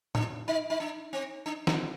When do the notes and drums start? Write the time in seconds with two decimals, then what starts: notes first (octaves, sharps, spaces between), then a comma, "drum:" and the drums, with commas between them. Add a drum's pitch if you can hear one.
0.15 D4, drum: tom A2
0.48 D#4
0.70 D#4
0.80 D4
1.13 C4
1.46 D4
1.67 D4, drum: snare